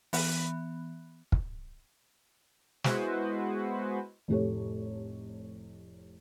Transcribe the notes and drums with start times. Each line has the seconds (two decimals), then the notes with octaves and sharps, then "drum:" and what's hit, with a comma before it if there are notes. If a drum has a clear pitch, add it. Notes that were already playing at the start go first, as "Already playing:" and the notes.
0.13 E3 B3, drum: open hi-hat
1.32 drum: kick
2.84 G#3 B3 E4 F#4 B4 C5, drum: snare
4.28 F1 A2 G4 A4 C#5